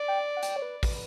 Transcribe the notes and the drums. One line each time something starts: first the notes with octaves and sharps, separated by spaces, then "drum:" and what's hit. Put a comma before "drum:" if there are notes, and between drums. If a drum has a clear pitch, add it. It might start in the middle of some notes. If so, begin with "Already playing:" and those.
Already playing: D5
G5
F#5
G5, drum: hi-hat
C#5
B4
B4, drum: kick, open hi-hat